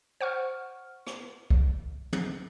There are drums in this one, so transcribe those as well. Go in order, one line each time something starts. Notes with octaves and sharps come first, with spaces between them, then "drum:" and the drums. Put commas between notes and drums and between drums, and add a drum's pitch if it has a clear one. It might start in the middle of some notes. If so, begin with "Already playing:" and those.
C5 F#5 C#6 F6
drum: rim click
drum: kick
drum: tom